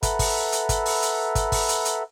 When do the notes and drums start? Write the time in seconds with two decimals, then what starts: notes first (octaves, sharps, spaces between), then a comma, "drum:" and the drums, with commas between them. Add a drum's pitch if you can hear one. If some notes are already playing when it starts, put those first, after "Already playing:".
0.03 A4 B4 E5 F#5 A#5 B5, drum: kick, hi-hat
0.19 drum: kick, open hi-hat
0.52 drum: hi-hat
0.69 drum: kick, hi-hat
0.86 drum: open hi-hat
1.02 drum: hi-hat
1.35 drum: kick, hi-hat
1.52 drum: kick, open hi-hat
1.68 drum: hi-hat
1.85 drum: hi-hat